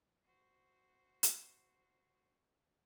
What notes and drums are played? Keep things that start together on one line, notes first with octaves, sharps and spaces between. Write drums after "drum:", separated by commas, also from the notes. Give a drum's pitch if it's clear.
F#4 C5
drum: hi-hat